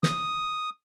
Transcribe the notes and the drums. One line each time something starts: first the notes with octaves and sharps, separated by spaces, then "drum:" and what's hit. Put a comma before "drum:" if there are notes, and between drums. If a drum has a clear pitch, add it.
D#6, drum: snare